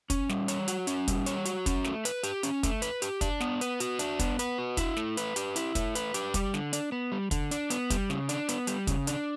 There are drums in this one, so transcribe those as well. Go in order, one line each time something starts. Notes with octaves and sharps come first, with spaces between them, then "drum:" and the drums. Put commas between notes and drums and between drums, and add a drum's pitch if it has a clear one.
C#4, drum: kick, hi-hat
G3, drum: snare
C#5, drum: hi-hat
F#4, drum: hi-hat
C#4, drum: hi-hat
G3, drum: kick, hi-hat
C#5, drum: hi-hat
F#4, drum: hi-hat
C#4, drum: kick, hi-hat
A3, drum: snare
B4, drum: hi-hat
G4, drum: hi-hat
C#4, drum: hi-hat
A3, drum: kick, hi-hat
B4, drum: hi-hat
G4, drum: hi-hat
D4, drum: kick, hi-hat
B3, drum: snare
B4, drum: hi-hat
F#4, drum: hi-hat
D4, drum: hi-hat
B3, drum: kick, hi-hat
B4, drum: hi-hat
F#4
E4, drum: kick, hi-hat
A3, drum: snare
B4, drum: hi-hat
G4, drum: hi-hat
E4, drum: hi-hat
A3, drum: kick, hi-hat
B4, drum: hi-hat
G4, drum: hi-hat
G3, drum: kick, hi-hat
D3, drum: snare
D4, drum: hi-hat
B3
G3
D3, drum: kick, hi-hat
D4, drum: hi-hat
B3, drum: hi-hat
G3, drum: kick, hi-hat
C#3, drum: snare
D4, drum: hi-hat
B3, drum: hi-hat
G3, drum: hi-hat
C#3, drum: kick, hi-hat
D4, drum: hi-hat